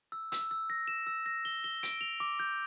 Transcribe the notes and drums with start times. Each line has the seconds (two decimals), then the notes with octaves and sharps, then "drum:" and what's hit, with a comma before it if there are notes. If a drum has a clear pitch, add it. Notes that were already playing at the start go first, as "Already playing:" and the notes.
0.12 E6
0.32 E6, drum: hi-hat
0.51 E6
0.70 A#6
0.88 E7
1.07 E6
1.26 A#6
1.45 G7
1.64 G7
1.83 D7, drum: hi-hat
2.01 F7
2.20 D6
2.40 G6